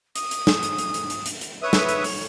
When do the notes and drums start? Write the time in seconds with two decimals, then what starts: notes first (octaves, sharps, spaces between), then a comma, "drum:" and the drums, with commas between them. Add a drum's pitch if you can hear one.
0.16 D#6, drum: hi-hat
0.31 drum: hi-hat
0.47 drum: snare
0.63 drum: hi-hat
0.78 drum: hi-hat
0.94 drum: hi-hat
1.10 drum: hi-hat
1.26 drum: hi-hat
1.41 drum: hi-hat
1.63 B4 C#5 E5 D#6
1.73 drum: snare
1.89 drum: hi-hat
2.04 drum: open hi-hat